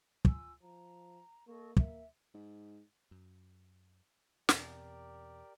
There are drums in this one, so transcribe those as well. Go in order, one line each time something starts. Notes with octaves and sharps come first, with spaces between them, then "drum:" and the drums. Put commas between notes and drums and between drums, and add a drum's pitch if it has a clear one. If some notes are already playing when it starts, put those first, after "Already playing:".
F4 G#5 E6, drum: kick
F3 A#5
A#3 A4 D#5 C#6
A#3 E5, drum: kick
G#2
F#2
E2 B2 C4 G4 A#4 D5, drum: snare